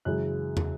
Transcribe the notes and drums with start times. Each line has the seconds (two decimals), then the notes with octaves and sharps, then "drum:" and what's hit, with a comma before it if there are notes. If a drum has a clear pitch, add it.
0.05 F#2 C#3 E3 G#3 F#6
0.57 drum: tom